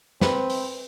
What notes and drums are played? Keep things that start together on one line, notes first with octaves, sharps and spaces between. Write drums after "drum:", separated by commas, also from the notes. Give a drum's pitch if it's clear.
C4 B4, drum: snare
drum: open hi-hat